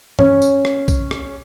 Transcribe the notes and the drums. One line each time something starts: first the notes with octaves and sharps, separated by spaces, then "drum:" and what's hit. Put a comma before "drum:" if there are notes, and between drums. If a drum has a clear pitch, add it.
C#4, drum: tom
drum: tambourine
drum: rim click
drum: kick, tambourine
drum: rim click